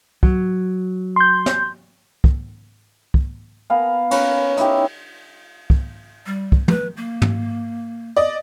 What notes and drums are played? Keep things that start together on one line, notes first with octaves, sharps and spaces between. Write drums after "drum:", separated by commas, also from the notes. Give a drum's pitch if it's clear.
F#3, drum: kick
C6 G6
drum: snare
drum: kick
drum: kick
B3 A#4 F5 G#5
C#4 B4 A#5, drum: cymbal
D#4 E4 G4, drum: hi-hat
drum: kick
G3
drum: kick
B4, drum: tom
A#3
drum: tom
D5 D#5